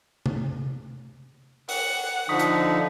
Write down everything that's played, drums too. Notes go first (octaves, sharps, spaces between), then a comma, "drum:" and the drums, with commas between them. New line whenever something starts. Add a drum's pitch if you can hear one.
drum: tom C3
F#5, drum: open hi-hat
D3 F3 D#4 C#6 D#6 B6
drum: hi-hat